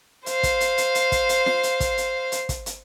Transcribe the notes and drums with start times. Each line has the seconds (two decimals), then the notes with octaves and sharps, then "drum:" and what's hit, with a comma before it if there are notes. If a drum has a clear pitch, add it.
0.26 C5 F5, drum: hi-hat
0.43 drum: kick, hi-hat
0.60 drum: hi-hat
0.78 drum: hi-hat
0.95 drum: hi-hat
1.12 drum: kick, hi-hat
1.29 drum: hi-hat
1.46 drum: snare
1.63 drum: hi-hat
1.80 drum: kick, hi-hat
1.98 drum: hi-hat
2.32 drum: hi-hat
2.49 drum: kick, hi-hat
2.66 drum: hi-hat